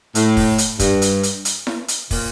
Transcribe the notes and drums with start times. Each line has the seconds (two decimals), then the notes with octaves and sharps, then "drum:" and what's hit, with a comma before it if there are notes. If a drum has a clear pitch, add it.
0.15 A2, drum: hi-hat
0.37 drum: kick, open hi-hat
0.58 drum: hi-hat
0.79 G2, drum: kick, hi-hat
1.02 drum: hi-hat
1.23 drum: hi-hat
1.45 drum: hi-hat
1.67 drum: snare E4
1.88 drum: hi-hat
2.11 A#2, drum: kick, open hi-hat